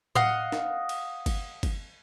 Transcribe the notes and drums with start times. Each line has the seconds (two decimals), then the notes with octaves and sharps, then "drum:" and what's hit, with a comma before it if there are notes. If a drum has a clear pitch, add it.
0.15 D#5 F5 F#5, drum: tom A2
0.52 drum: snare
0.89 drum: cymbal
1.26 drum: kick G1, cymbal
1.63 drum: kick G1, cymbal